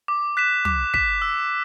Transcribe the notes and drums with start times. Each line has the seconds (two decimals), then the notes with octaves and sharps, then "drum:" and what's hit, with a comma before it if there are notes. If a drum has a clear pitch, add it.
0.08 D6
0.37 F#6 B6 E7
0.65 D6, drum: tom
0.94 F#6 B6 E7, drum: kick
1.22 E6